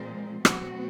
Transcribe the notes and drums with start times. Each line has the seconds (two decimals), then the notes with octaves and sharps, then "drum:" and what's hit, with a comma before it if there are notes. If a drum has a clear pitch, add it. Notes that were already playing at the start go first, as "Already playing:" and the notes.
Already playing: A#2 F3 G#3 C4 C5
0.45 B2 F#3 A3 C4 F#4, drum: rim click